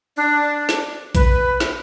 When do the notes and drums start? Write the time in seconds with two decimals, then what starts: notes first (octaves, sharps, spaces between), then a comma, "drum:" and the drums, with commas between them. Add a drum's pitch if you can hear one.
0.17 D4
0.69 drum: snare
1.15 B4, drum: kick A#1, hi-hat
1.60 drum: snare